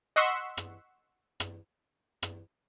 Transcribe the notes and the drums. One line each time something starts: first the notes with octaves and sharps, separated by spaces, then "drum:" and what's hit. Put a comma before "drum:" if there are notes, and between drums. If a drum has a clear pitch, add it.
D#5 F#5 C6 C#6 E6 B6
drum: rim click
drum: rim click
drum: rim click